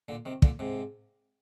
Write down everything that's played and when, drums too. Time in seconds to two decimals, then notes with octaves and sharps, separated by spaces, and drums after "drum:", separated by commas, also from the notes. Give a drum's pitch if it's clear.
0.08 A#2 D3
0.25 C3 D#3
0.42 A#2 D3, drum: kick
0.59 G#2 C3